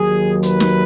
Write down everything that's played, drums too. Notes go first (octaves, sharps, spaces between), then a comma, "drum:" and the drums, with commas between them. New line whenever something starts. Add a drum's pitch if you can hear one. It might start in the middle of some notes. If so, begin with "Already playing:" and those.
Already playing: D#2 D#3 F#3 G#4
B4, drum: hi-hat
drum: snare